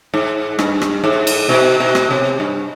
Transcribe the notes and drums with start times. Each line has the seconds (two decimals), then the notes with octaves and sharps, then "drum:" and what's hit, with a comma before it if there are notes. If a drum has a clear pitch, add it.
0.14 G#2
0.59 G2, drum: rim click
0.81 drum: rim click
1.04 G#2
1.27 drum: cymbal
1.49 B2
1.80 B2
1.95 drum: rim click
2.11 C3
2.40 G2